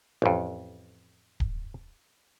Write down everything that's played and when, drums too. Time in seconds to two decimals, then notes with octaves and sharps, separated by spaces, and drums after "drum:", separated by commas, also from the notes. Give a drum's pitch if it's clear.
0.22 A1 F2
1.40 drum: kick D1